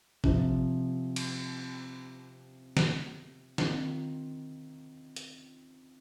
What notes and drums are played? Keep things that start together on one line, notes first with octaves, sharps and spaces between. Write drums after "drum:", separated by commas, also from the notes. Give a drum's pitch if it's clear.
C3 F3 C4, drum: kick
drum: cymbal
drum: snare
D#3 C4 F4, drum: snare
drum: hi-hat